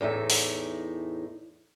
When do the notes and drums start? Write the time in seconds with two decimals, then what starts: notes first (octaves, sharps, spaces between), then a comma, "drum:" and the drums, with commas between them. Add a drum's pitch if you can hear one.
0.01 E2 A2 D#4 E5
0.30 drum: open hi-hat